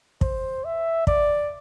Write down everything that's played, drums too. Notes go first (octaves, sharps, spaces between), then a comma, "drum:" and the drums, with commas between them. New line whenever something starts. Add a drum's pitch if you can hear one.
C5, drum: kick
E5
D5, drum: kick